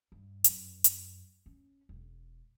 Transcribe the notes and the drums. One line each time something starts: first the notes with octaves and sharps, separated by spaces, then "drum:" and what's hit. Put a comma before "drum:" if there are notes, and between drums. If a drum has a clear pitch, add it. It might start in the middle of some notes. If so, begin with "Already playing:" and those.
G2
F#2, drum: hi-hat
drum: hi-hat
C#4
E1